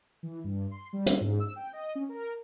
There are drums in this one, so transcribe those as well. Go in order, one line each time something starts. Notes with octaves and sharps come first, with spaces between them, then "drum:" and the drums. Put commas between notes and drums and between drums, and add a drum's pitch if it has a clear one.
E3
G2
C6
G3
drum: hi-hat
G#2
E6
G5
D#5
C#4
A#4